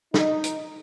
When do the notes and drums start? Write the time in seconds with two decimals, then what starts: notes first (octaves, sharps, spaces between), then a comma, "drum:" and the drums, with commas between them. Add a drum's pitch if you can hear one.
0.14 D#4, drum: snare
0.44 drum: hi-hat